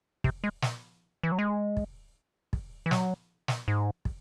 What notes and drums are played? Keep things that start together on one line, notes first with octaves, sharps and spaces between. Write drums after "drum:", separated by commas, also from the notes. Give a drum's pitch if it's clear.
C3, drum: kick
G#3
drum: snare
E3
F#3
G#3
drum: kick
drum: kick
E3
F#3, drum: snare
drum: snare
G#2
drum: kick